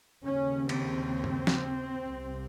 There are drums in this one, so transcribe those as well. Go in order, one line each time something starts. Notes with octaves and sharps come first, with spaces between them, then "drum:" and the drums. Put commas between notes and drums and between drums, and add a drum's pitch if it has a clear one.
D#2 C#3 C#4
C4, drum: cymbal
drum: tom
drum: snare
C2 C3